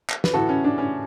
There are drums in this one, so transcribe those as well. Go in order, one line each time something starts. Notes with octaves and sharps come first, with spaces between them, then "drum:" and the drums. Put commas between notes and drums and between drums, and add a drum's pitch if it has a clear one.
drum: clap
B4, drum: snare
A2 E3 F#4 A4
C#4
D4
C#4